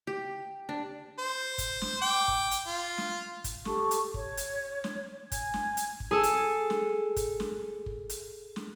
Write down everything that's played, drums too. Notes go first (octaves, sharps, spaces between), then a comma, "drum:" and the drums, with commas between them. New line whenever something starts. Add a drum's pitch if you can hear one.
G4
D4
C5
drum: kick, hi-hat
drum: snare
G5 D6
drum: kick
drum: hi-hat
F4
drum: snare
drum: kick, hi-hat
G4 A4 A5 C#6, drum: snare
drum: hi-hat
C#5, drum: kick
drum: hi-hat
drum: snare
G#5 G#6, drum: kick, hi-hat
drum: snare
drum: hi-hat
drum: kick
G#4 A4
drum: hi-hat
drum: snare
drum: kick, hi-hat
drum: snare
drum: kick
drum: hi-hat
drum: snare